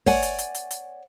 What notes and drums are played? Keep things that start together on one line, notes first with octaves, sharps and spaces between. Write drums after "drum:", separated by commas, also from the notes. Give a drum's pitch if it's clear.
C#5 D5 F#5 G#5, drum: kick, open hi-hat
drum: hi-hat
drum: hi-hat
drum: hi-hat
drum: hi-hat